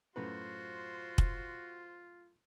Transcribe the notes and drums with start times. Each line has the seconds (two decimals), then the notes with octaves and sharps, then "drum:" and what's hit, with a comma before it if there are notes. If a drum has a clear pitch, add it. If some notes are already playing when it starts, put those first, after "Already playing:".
0.16 F#2 A2 F4 F#4 B4 C5
1.18 drum: kick